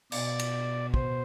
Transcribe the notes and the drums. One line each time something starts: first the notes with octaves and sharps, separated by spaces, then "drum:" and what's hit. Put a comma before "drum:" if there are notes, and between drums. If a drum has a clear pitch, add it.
B2 D5, drum: cymbal
drum: cymbal
C5, drum: kick